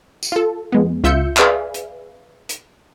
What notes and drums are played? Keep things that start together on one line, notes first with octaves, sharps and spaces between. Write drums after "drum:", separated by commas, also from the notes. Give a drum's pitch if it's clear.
drum: tambourine
F4 A4
F2 G#3 B3
C#2 F4 E5 E6 G6 C#7
G#4 B4 D5 E5 F5 G#5, drum: clap
drum: hi-hat
drum: hi-hat